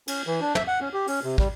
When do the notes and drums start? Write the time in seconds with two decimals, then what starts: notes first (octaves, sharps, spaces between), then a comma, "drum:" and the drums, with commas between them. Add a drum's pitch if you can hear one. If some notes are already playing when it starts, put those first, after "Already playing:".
0.08 C#4, drum: cymbal
0.27 E3
0.41 D4
0.55 E5, drum: tom
0.67 F#5
0.81 C#4
0.93 G4
1.07 C#4, drum: open hi-hat
1.23 C3
1.38 G3, drum: kick